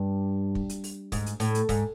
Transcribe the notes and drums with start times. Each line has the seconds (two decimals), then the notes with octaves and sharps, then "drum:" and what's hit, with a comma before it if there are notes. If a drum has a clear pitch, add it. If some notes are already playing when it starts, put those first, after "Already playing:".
Already playing: G2
0.55 drum: kick
0.69 drum: hi-hat
0.84 drum: open hi-hat
1.12 G#2, drum: kick, open hi-hat
1.26 drum: hi-hat
1.40 A2, drum: open hi-hat
1.55 drum: hi-hat
1.69 G#2, drum: kick, open hi-hat